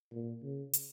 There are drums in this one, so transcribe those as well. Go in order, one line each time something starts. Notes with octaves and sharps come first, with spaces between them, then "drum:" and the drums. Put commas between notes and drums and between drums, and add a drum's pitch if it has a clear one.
A#2
C#3
drum: hi-hat